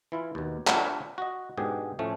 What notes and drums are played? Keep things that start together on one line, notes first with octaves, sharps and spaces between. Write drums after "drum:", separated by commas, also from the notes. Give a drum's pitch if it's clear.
E3 E4 F4
D#2 B2
D4 F4 C#5 E5, drum: clap
F#4 D#5
G#2 B2 D3 G#3 G4 G#4
A2 F3 A3 C#4